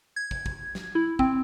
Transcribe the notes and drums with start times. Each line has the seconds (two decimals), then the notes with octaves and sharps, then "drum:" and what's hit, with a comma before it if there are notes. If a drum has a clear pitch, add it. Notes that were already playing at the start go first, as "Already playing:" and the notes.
0.16 G#6
0.31 drum: kick
0.46 drum: kick
0.75 drum: snare
0.95 E4
1.19 C4, drum: kick